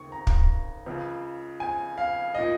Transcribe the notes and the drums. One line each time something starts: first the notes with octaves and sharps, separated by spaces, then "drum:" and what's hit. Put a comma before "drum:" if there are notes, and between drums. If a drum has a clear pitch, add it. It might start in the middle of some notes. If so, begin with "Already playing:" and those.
Already playing: D#2 C#3 C#6
A#5
drum: kick
C#2 C#3
G#5
F5
A#2 D#5